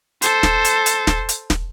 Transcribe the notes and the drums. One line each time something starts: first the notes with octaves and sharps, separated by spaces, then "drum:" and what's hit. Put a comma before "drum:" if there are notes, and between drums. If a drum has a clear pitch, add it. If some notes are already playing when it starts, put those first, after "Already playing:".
A4 C5, drum: hi-hat
drum: snare
drum: hi-hat
drum: hi-hat
drum: snare
drum: hi-hat
drum: snare